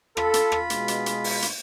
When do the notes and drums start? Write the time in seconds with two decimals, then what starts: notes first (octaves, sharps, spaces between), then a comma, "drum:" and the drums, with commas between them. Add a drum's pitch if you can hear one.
0.17 F4 A4 B5, drum: rim click
0.34 drum: hi-hat
0.52 drum: rim click
0.70 B2 G#3, drum: hi-hat
0.88 drum: hi-hat
1.06 drum: hi-hat
1.24 drum: open hi-hat
1.42 drum: hi-hat